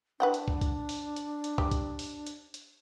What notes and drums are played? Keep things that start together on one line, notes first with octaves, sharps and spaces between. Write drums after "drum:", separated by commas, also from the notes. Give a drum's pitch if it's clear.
D4 B4 F#5 G5
drum: hi-hat
drum: kick
drum: kick, hi-hat
drum: open hi-hat
drum: hi-hat
drum: hi-hat
G4, drum: kick
drum: kick, hi-hat
drum: open hi-hat
drum: hi-hat
drum: hi-hat